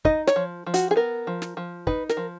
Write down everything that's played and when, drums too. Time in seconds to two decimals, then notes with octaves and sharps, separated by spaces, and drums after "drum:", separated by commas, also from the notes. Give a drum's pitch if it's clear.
0.05 D#4 D#5, drum: kick
0.27 C#5, drum: snare
0.36 F3
0.67 F3
0.74 F#4, drum: hi-hat
0.91 G#4
0.96 B3 A#4
1.27 F3
1.42 drum: snare
1.57 F3
1.87 D#4 B4, drum: kick
2.09 A#4, drum: snare
2.17 F3